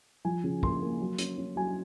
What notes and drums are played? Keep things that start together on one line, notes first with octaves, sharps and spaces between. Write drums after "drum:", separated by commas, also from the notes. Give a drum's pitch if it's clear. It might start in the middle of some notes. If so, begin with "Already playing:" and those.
F3 G#5
C#3
A#3 C6, drum: kick
A#3
F#3
C#4, drum: hi-hat
C#4
F#3 G#5